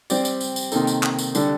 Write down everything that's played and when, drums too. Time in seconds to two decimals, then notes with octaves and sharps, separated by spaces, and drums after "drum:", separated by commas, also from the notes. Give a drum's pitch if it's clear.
0.10 G3 C4 G4 D5, drum: tambourine
0.25 drum: tambourine
0.41 drum: tambourine
0.56 drum: tambourine
0.72 C3 D#3 A#3 D#4 A4, drum: tambourine
0.87 drum: tambourine
1.03 drum: clap
1.19 drum: tambourine
1.35 D3 G3 D4 A4, drum: tambourine